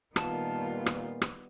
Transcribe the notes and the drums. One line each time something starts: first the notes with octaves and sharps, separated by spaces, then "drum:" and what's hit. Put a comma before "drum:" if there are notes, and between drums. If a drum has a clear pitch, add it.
A#2 D#3 G3 B3 F4 A5, drum: rim click
drum: rim click
drum: rim click